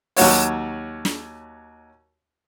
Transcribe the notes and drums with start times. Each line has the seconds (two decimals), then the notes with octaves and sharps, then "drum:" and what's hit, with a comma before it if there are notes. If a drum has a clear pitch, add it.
0.17 D#2 F#3 F#4 C#5, drum: open hi-hat
1.05 drum: snare